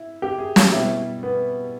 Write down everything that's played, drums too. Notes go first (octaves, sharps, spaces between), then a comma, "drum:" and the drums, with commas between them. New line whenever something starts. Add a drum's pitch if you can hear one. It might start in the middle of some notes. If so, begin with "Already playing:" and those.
Already playing: E4
G4
G#4
G4, drum: snare
B2 G3 E4
B3